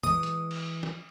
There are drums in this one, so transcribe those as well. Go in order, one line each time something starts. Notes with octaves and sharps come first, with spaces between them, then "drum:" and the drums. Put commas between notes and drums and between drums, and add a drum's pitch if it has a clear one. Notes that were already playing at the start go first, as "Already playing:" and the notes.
E3 G#3 D#6, drum: tom A#2
drum: hi-hat
drum: cymbal
drum: snare